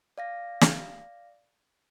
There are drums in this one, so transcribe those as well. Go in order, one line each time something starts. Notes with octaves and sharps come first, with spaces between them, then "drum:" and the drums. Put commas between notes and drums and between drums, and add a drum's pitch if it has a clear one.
D5 F5 A#6
drum: snare